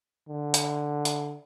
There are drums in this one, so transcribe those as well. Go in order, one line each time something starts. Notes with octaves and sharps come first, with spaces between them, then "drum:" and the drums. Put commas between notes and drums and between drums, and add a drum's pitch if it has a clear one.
D3
drum: hi-hat
drum: hi-hat